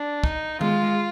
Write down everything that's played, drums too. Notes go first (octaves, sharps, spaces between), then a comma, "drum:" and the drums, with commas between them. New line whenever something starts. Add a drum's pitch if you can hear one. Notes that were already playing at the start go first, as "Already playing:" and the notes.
Already playing: D4
D#4, drum: kick
G#3 F4, drum: tom D#3